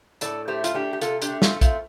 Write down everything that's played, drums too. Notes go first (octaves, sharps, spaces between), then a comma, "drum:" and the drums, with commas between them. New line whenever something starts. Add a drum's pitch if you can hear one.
A2 A4 D5, drum: hi-hat
A3 G4 C5
F4, drum: hi-hat
A3 D4 G4
G4
C3 F4 A4, drum: hi-hat
D4 G4, drum: hi-hat
A3
C4 F4, drum: snare
A3
C4 F4, drum: kick, hi-hat